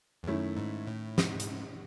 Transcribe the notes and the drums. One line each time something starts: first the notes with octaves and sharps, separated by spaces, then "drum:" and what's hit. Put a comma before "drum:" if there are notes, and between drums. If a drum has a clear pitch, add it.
E2
F#2 D#3 A3 C#4 E4
G#2
A2
G#2, drum: snare
drum: hi-hat